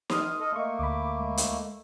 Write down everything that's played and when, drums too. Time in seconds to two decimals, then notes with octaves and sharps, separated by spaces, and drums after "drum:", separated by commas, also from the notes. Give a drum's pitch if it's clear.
0.10 C6 D#6 F6, drum: snare
0.40 A4 D#5
0.53 A3 A#3 D#5 C#6
0.79 D2 B5 D6
1.18 G#3
1.37 drum: hi-hat